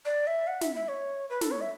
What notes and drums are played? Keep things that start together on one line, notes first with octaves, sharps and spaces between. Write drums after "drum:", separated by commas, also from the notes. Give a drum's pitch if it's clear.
D5
E5
F#5
E5, drum: snare
E5
C#5
B4
A4, drum: snare
C#5
E5